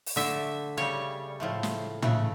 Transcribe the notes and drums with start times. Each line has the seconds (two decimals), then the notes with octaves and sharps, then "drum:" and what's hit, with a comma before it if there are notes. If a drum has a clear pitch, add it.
0.06 drum: open hi-hat
0.16 D3 A3 E5
0.77 C#3 G3 C#5
1.40 A2 F3 A3
1.63 drum: snare
2.02 C#3 E3 A3, drum: tom